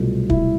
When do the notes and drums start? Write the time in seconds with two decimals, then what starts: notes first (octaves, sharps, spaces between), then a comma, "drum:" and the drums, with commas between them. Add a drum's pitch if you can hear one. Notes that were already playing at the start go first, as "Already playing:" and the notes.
Already playing: C2 B2 F#3 A3 F4
0.30 E4, drum: kick